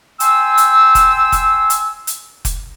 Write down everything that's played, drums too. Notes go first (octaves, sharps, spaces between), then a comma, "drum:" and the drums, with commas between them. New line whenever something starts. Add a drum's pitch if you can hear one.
G5 G#5 C6 E6, drum: hi-hat
drum: hi-hat
drum: kick F1, hi-hat
drum: kick F1, hi-hat
drum: hi-hat
drum: hi-hat
drum: kick F1, hi-hat